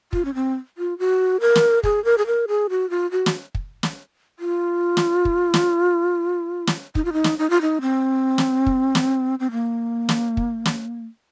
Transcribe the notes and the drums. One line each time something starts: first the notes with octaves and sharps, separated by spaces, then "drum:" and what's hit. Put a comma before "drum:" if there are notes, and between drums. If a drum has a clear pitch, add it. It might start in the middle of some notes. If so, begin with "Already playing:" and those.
F4, drum: kick
C#4
C4
F4
F#4
A#4
drum: snare
G#4, drum: kick
A#4
G#4
A#4
G#4
F#4
F4
F#4
drum: snare
drum: kick
drum: snare
F4
drum: snare
drum: kick
drum: snare
drum: snare
D#4, drum: kick
F4
D#4
drum: snare
D#4
F4
D#4
C4
drum: snare
drum: kick
drum: snare
C4
A#3
drum: snare
drum: kick
drum: snare